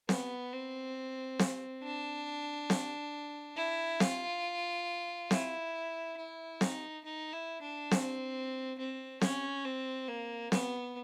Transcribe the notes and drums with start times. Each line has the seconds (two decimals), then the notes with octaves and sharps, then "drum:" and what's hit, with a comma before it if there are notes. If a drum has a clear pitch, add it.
0.09 B3, drum: snare C4
0.53 C4
1.39 drum: snare C4
1.83 D4
2.70 drum: snare C4
3.56 E4
4.00 F4, drum: snare C4
5.31 E4, drum: snare C4
6.17 E4
6.61 D#4, drum: snare C4
7.04 D#4
7.33 E4
7.62 D4
7.91 C4, drum: snare C4
8.78 C4
9.21 C#4, drum: snare C4
9.65 C4
10.08 A#3
10.52 B3, drum: snare C4